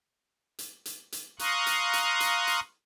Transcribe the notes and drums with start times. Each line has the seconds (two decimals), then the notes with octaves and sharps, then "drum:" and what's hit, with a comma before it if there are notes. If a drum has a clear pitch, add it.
0.59 drum: hi-hat
0.85 drum: hi-hat
1.12 drum: hi-hat
1.39 F5 A#5 C6 C#6 D#6 F#6, drum: hi-hat
1.66 drum: hi-hat
1.93 drum: hi-hat
2.20 drum: hi-hat
2.47 drum: hi-hat